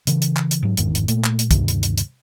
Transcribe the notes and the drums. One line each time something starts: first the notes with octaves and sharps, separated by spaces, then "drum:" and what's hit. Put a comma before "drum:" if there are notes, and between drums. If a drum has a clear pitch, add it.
C#3 E3, drum: hi-hat
drum: hi-hat
drum: clap
drum: hi-hat
G#2 F#3
G1 E2 G#2 D#3, drum: hi-hat
drum: hi-hat
A#2 A3, drum: hi-hat
drum: clap
drum: hi-hat
D2 G2 C3 D#3, drum: kick, hi-hat
drum: hi-hat
drum: hi-hat
drum: hi-hat